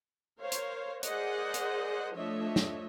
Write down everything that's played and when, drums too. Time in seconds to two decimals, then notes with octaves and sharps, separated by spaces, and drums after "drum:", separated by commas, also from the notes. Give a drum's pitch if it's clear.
0.40 A#4 C5 C#5 F5
0.52 drum: hi-hat
1.03 G#4 A#4 C5 D5 D#5 F#5, drum: hi-hat
1.54 drum: hi-hat
2.13 F3 A3 D4 C#5 D#5 E5
2.56 drum: snare